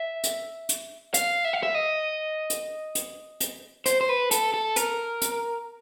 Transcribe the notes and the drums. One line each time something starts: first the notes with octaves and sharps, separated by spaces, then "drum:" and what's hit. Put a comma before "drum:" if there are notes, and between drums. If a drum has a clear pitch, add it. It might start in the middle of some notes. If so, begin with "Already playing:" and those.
Already playing: E5
drum: hi-hat
drum: hi-hat
F5, drum: hi-hat
E5
F5
E5
D#5
drum: hi-hat
drum: hi-hat
drum: hi-hat
C5, drum: hi-hat
C5
B4
A4, drum: hi-hat
A4
A#4, drum: hi-hat
drum: hi-hat